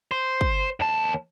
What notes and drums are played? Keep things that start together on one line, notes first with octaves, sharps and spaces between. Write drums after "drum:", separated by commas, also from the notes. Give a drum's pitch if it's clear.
C5
drum: kick
D#2 A5